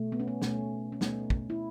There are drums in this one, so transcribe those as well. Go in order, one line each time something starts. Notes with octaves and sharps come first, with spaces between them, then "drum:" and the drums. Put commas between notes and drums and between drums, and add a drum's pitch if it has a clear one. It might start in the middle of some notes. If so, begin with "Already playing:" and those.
Already playing: B2 A3
B3
C#4
B3
B2 A3 C#4, drum: snare
C#4
B2 A3 B3 D#4, drum: snare
drum: kick
E4